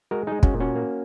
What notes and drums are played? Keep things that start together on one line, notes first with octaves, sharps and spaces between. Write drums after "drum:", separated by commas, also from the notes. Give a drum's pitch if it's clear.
G#3 F#4 A#4
G#3 D#4 G#4
C#4 F#4, drum: kick
A#2
C#4 F#4
A#3